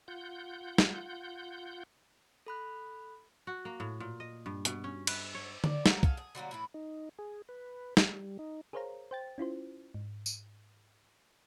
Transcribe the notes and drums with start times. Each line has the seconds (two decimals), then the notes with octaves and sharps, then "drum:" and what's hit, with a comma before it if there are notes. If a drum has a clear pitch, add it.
0.08 F4 F#5 G6
0.78 drum: snare
2.46 A4 B5 F#6
3.47 F#4
3.65 A#3
3.80 A2
4.00 A#2
4.20 D#5
4.46 G2
4.65 B2, drum: hi-hat
4.84 C#4
5.07 B4, drum: cymbal
5.35 C#5
5.64 D5, drum: tom D3
5.86 F#3 A#3, drum: snare
6.03 G#4 A4 F5, drum: kick
6.17 G#4
6.35 D3 F#3 G3 A#3
6.51 A2 E3 E4
6.74 D#4
7.18 G#4
7.49 B4
7.97 G3, drum: snare
8.39 D#4
8.73 G#4 A#4 C5 C#5 F5 A#5
9.11 C5 G5 A6
9.38 C#4 E4 F4 C5
9.94 G#2
10.26 drum: tambourine